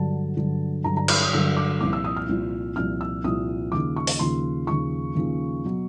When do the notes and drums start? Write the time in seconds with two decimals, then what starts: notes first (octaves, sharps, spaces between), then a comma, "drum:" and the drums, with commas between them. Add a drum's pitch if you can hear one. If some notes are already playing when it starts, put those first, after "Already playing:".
Already playing: G2 D3 F#3 A5
0.37 G2 D3 F#3
0.84 G2 D3 F#3 A#5
0.97 A#5
1.08 B5, drum: cymbal
1.21 D#6
1.33 G2 D3 F#3 E6
1.57 D6
1.80 C2 A#2 F3 D6
1.93 E6
2.04 D#6
2.17 F6
2.29 C2 A#2 F3
2.76 C2 A#2 F3 F6
3.01 E6
3.24 C2 A#2 F3 D#6
3.72 D#2 C#3 F3 D6
3.96 C#6
4.07 drum: open hi-hat
4.19 D#2 C#3 F3 C6
4.67 D#2 C#3 F3 C#6
5.15 D#2 C#3 F3
5.66 B2 F#3